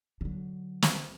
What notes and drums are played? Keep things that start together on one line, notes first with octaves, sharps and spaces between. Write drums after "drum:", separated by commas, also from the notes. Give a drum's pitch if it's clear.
D3 F#3
drum: snare